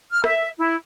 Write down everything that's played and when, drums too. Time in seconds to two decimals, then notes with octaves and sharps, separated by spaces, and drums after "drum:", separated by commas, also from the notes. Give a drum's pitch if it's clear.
0.11 F6
0.24 E5, drum: rim click
0.58 E4